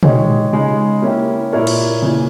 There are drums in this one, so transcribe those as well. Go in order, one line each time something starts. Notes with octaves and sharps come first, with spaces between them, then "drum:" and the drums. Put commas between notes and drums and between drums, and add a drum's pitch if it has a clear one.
G#3 D#4 G4 C#5, drum: tom
C#3 G#3 D#4
A#3 C#4 E4 G4
A#2 A#3 E4 A#4 C#5
drum: cymbal
C#3 E3 A#3